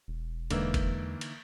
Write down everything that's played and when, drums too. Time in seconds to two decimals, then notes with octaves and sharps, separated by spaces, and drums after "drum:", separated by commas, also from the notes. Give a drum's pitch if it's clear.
0.08 E1
0.51 E2 D3 E3 G#3 A#3 D#4 E6, drum: cymbal
0.74 drum: kick F#1, cymbal
1.21 drum: cymbal